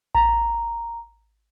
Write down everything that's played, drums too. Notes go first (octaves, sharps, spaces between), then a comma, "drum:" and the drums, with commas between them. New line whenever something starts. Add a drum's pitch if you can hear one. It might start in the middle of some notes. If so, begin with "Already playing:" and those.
A#5, drum: kick A1